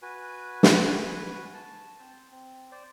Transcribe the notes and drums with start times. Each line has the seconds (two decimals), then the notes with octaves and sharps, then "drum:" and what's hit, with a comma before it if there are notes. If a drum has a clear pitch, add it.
0.02 F#4 B4 G#5
0.63 drum: snare
1.54 A5
2.00 C4 C5
2.32 C4
2.72 C5 D5